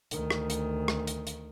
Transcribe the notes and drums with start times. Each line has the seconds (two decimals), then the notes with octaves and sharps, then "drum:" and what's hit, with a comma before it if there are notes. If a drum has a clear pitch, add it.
0.11 D2 D#3, drum: hi-hat
0.30 drum: rim click
0.50 drum: hi-hat
0.88 drum: rim click
1.07 drum: hi-hat
1.27 drum: hi-hat